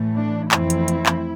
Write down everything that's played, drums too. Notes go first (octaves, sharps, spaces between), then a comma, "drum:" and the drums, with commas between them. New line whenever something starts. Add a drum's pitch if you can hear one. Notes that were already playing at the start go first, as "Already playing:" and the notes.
Already playing: A2 E3 A3
D4
F2 E3 A3 C4 E4, drum: clap
drum: hi-hat
drum: hi-hat
drum: clap